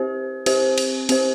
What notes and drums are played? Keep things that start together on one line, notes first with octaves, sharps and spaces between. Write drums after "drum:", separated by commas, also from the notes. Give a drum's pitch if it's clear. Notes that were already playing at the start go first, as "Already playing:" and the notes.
Already playing: C4 G4 C5
C4 G4 C5, drum: cymbal
drum: cymbal
C4 G4 C5, drum: cymbal